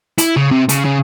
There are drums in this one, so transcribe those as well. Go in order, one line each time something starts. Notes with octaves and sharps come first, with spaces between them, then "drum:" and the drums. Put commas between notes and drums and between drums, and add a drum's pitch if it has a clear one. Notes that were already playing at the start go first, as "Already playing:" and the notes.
E4, drum: hi-hat
C#3
C3
C#3, drum: hi-hat
C#3